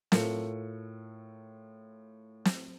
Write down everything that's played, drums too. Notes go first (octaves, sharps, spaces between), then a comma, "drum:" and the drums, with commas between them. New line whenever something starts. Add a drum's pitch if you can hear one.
A2 F4 A4 A#4 C#7, drum: snare
drum: snare